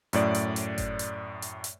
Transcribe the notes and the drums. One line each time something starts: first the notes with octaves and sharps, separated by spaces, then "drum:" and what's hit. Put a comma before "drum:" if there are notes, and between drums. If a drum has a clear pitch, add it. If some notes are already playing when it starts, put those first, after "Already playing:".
F#2 A2 D5, drum: hi-hat
drum: hi-hat
drum: hi-hat
drum: kick G1, hi-hat
drum: hi-hat
drum: hi-hat
drum: hi-hat